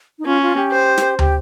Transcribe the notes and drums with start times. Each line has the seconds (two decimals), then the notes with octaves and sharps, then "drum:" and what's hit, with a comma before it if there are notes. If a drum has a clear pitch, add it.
0.19 D#4
0.26 C#4 F4
0.42 F4
0.56 G4
0.72 C5
0.98 drum: snare
1.19 G4, drum: tom